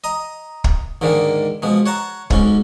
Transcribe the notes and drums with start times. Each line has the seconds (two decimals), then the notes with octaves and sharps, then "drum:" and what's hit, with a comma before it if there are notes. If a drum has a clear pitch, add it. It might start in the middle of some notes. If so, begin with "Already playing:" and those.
0.04 D#5 A#5
0.64 drum: kick
1.01 D#2 G#2 D3 D#3 G#3
1.62 B2 F3 G#3
1.86 C#5 F#5 A5 A#5
2.30 B1 G#2 C#4, drum: kick